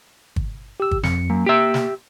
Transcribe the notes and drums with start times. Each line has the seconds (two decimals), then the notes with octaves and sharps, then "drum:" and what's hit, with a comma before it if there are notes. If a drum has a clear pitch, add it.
0.36 drum: kick
0.80 G4 E6
0.91 drum: kick
1.03 F2 C#7, drum: snare
1.30 F#2 A#3
1.46 G4 E5
1.74 drum: snare